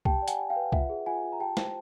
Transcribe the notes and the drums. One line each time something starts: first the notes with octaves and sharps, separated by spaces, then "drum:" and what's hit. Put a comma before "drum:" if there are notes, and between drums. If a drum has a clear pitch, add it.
G4 G5 A5, drum: kick
D5
F#5 G#5, drum: hi-hat
G4
F5 G5
B4
F4 E5 F#5, drum: kick
G#4
F4 F#5 G#5
F4
A#5
G4 G5 A5
C5, drum: snare